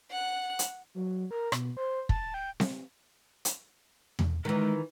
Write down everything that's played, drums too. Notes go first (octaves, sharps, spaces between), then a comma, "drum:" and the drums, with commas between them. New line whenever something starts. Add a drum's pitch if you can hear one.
F#5 F#6
drum: hi-hat
F#3
A#4
B2, drum: rim click
C5
A5, drum: kick
G5
drum: snare C4
drum: hi-hat
drum: tom E2
D#3 E3 G#3